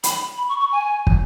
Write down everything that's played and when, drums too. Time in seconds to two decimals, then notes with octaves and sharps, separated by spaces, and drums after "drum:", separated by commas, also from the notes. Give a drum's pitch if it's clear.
0.03 B5, drum: hi-hat
0.38 B5
0.49 C#6
0.60 C#6
0.72 G#5
1.07 drum: kick